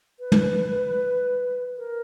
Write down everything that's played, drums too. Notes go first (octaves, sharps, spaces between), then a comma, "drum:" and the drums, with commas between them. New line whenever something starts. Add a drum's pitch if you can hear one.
B4
drum: tom
A#4